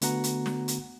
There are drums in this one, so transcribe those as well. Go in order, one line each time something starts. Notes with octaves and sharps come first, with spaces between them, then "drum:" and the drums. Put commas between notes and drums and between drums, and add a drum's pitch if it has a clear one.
D3 A3 B3 F#4 F#5 A#5, drum: hi-hat
drum: hi-hat
drum: snare
drum: hi-hat